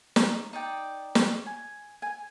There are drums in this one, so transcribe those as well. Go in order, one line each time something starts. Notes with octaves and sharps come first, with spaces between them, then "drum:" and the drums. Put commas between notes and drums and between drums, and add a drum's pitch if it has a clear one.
D#4, drum: snare
D#4 D5 G5
drum: snare
G#5
G#5